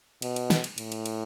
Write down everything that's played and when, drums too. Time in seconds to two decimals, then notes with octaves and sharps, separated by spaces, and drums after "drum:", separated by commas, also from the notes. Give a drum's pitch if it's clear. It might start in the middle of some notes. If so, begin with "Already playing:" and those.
0.22 B2, drum: cymbal
0.36 drum: cymbal
0.50 drum: snare
0.64 drum: cymbal
0.78 A2, drum: cymbal
0.92 drum: cymbal
1.06 drum: cymbal